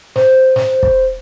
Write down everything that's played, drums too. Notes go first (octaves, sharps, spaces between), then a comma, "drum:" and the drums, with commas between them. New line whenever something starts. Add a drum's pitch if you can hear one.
C5, drum: snare
drum: snare
drum: kick